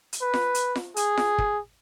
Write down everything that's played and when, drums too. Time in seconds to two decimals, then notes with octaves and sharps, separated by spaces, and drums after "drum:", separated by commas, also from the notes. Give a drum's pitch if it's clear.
0.13 drum: hi-hat
0.22 B4
0.34 drum: snare F4
0.55 drum: hi-hat
0.76 drum: snare F4
0.96 G#4, drum: hi-hat
1.17 drum: snare F4
1.38 drum: kick